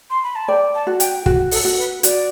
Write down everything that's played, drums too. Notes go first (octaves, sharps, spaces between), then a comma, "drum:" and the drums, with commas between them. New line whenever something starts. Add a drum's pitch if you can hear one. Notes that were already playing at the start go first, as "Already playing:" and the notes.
C6
B5
A5
D5 G5
A5
F#4
G5, drum: hi-hat
F#4, drum: kick
A4, drum: open hi-hat
F#4
B4
F#4 D5, drum: hi-hat